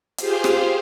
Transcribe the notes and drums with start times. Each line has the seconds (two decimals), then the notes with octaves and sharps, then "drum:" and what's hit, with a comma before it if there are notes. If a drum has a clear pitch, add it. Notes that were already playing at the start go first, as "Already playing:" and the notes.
0.18 F4 G4 G#4 C5 F5, drum: hi-hat
0.44 drum: rim click